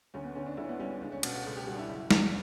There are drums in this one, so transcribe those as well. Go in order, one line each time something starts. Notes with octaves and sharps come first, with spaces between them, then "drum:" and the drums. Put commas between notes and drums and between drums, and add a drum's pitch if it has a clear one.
D2 C#4
B3
D3 C#4
D4
D2 E4
C#4
B3
G3 C#4
C#4
C#2 D4
C#4
B2 B3, drum: cymbal
F#4
C#2 A4
G4
G3 F#4
D4
E4
F#1
E2, drum: snare